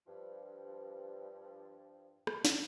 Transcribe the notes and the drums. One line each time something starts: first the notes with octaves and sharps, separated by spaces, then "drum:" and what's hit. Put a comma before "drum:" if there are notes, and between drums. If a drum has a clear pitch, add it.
G2 F3
drum: rim click
drum: snare